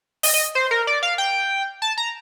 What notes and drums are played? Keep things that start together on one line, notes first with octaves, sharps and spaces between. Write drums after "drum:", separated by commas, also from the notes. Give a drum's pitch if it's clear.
D#5, drum: open hi-hat
D#5
C5
A#4
D5
F5
G5
A5
A#5